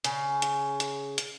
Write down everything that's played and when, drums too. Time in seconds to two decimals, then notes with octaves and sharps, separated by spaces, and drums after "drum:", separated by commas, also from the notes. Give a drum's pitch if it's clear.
0.04 C#3, drum: hi-hat
0.42 drum: hi-hat
0.80 drum: hi-hat
1.18 drum: hi-hat